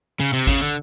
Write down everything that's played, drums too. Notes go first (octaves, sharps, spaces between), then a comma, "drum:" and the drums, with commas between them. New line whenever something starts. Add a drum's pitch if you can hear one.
C#3
C3
C#3, drum: kick G#1
D3